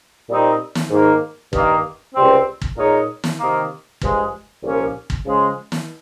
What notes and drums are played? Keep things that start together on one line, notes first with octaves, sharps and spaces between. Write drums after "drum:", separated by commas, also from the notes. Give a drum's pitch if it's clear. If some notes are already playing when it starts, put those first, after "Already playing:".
A#2 G3 C4 D#4
drum: snare
G#2 D#3 A#3
G2 D#3 A#3, drum: kick
C#2 C3 G3 C4
drum: kick
A#2 G#3 D#4 A#4 C#5
drum: snare
C3 D#3 A#3
G2 F3 G#3, drum: kick
C2 A#2 F3 A#3 C#4
drum: kick
C#3 F3 G#3
drum: snare